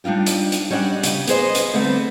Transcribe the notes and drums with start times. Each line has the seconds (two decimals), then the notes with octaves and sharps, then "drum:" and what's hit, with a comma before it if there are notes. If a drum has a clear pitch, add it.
0.04 G3 D4 D#4 F4 G4
0.26 drum: hi-hat
0.52 drum: hi-hat
0.71 G3 C#4 D4 D5 D#5 F#5
1.03 C#3, drum: hi-hat
1.27 B3 G#4 C5 D#5, drum: hi-hat
1.55 drum: hi-hat
1.74 D3 G3 A3 B3 C4 D#4